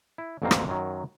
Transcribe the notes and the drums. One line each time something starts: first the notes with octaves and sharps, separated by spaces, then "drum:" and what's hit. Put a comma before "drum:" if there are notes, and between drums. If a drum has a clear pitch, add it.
E4
A1 F2 A#2 F#3 A#3 C4
drum: rim click
F#2 D#3 F#3